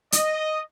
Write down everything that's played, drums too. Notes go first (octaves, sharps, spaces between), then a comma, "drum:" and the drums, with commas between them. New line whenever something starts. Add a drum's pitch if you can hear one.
D#5, drum: hi-hat